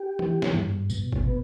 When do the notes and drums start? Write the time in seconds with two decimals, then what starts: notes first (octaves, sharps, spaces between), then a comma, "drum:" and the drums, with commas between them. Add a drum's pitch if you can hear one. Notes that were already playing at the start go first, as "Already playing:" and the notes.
Already playing: G4
0.19 E3, drum: tom D#3
0.42 drum: snare
0.54 G2
0.90 B2, drum: tambourine
1.12 drum: kick G1
1.24 B3